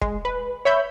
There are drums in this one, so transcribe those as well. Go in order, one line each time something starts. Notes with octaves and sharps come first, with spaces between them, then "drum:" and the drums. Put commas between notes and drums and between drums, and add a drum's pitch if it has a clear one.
G#3, drum: kick
B4
C#5 E5 B5 G6